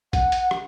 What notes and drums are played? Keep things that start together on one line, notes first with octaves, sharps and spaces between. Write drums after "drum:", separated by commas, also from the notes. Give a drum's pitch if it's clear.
F#5, drum: kick A#1, hi-hat
drum: hi-hat
drum: rim click